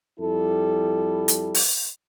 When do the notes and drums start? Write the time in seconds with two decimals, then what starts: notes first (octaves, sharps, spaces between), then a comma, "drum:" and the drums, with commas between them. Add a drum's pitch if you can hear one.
0.20 F2 G3 E4 A4
1.28 drum: hi-hat
1.55 drum: open hi-hat